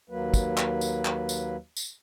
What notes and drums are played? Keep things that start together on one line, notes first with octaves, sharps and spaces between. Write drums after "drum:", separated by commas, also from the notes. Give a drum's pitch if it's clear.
D#2 F#3 A#3 B4
drum: kick, tambourine
drum: clap
drum: tambourine
drum: clap
drum: tambourine
drum: tambourine